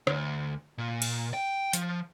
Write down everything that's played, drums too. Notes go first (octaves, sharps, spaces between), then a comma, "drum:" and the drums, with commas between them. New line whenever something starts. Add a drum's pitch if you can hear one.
D2, drum: rim click
A#2
drum: cymbal
G5
F3, drum: hi-hat